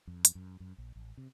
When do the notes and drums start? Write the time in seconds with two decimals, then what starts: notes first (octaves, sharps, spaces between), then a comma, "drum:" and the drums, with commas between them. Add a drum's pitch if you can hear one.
0.07 F2
0.25 drum: hi-hat
0.35 F#2
0.60 F#2
0.78 A#1
0.96 A1
1.17 C3